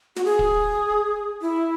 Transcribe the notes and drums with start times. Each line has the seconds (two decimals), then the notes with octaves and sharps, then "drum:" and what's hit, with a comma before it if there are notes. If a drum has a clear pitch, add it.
0.16 F#4, drum: snare
0.25 G#4
0.39 drum: kick
1.42 E4